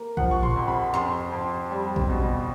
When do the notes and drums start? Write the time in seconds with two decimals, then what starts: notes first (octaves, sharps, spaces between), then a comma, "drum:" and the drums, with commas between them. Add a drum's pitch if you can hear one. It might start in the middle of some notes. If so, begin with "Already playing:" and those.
Already playing: A#3
0.17 F3 F#5, drum: kick
0.31 C#6
0.43 C6, drum: tom A2
0.56 F2
0.68 B5
0.94 F2 C6, drum: snare
1.32 F2
1.71 G3
1.96 drum: kick
2.10 B2